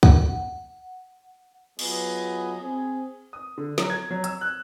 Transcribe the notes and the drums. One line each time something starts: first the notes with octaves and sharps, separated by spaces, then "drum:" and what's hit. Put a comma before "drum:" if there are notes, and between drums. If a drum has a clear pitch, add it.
F#5, drum: kick
F#3 B3 F4 G#4 B4 D#5, drum: cymbal
C4 G#4
D#6
D3
F#3, drum: snare
G#6
F#3
E6, drum: hi-hat
F#6